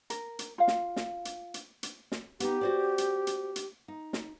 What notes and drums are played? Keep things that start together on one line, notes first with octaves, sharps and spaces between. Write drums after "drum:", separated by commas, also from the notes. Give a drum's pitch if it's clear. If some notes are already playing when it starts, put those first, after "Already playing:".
A#4, drum: hi-hat
drum: hi-hat
F4 F5
drum: snare
drum: snare
drum: hi-hat
drum: hi-hat
drum: hi-hat
drum: snare
B3 D#4 G4, drum: hi-hat
F#4 C5 D5
drum: hi-hat
drum: hi-hat
drum: hi-hat
D#4
drum: snare